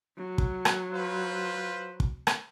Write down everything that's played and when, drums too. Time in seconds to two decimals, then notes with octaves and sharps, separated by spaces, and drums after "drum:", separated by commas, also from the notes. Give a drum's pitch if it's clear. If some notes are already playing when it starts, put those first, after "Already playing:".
0.17 F#3
0.38 drum: kick
0.65 drum: rim click
0.92 F4 B4 C5
2.00 drum: kick
2.27 drum: rim click